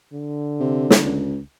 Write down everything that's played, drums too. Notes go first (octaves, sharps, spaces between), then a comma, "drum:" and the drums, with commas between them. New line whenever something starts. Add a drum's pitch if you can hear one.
D3
C3
drum: snare
C#2